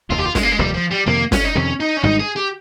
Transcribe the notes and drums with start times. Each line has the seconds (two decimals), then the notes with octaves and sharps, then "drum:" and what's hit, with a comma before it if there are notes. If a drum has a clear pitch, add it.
0.10 F1 D#2 D#3 F4
0.18 G4
0.25 F4
0.35 G#3, drum: snare
0.43 A#3
0.52 G#3
0.59 F1 D#2 D#3 G3
0.74 F3
0.91 G3
1.07 F2 C3 D#3 A#3
1.32 C#4, drum: snare
1.44 D#4
1.55 F2 C3 D#3 C#4
1.80 D#4
1.97 C#4
2.03 G#1 G#2 G3 D#4
2.20 G#4
2.36 G4